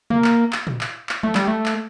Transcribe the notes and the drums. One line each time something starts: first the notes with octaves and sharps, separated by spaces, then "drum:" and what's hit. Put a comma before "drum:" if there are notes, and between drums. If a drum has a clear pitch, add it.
A#3, drum: tom
drum: clap
drum: clap
drum: tom
drum: clap
drum: clap
A3, drum: tom
G3, drum: clap
A3
drum: clap